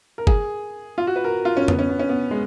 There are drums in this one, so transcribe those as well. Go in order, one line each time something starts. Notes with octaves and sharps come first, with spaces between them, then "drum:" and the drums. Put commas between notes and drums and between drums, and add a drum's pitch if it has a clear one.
A#4
G#4, drum: kick F#1
F4
F#4
B4
A#4
F4
C#4
B3, drum: tom F2
C#4
B3
C#4
B3
G#3